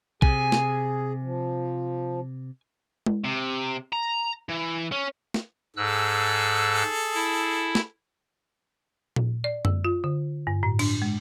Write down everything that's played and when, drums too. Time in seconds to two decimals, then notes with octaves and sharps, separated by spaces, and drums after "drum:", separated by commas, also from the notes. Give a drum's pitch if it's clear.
0.22 C3 G#4 G#5, drum: kick A#1
0.52 drum: snare
1.22 F3
3.06 drum: tom G#3
3.24 C3
3.93 A#5
4.49 E3
4.92 C#4
5.34 drum: snare
5.77 G#2 G#4 A4 E6 F#6
7.14 E4
7.75 drum: snare
9.16 drum: tom A#2
9.44 D5
9.65 E6, drum: tom F#2
9.85 F4
10.04 D3
10.47 G2
10.63 A2
10.79 D4, drum: cymbal
11.02 G#3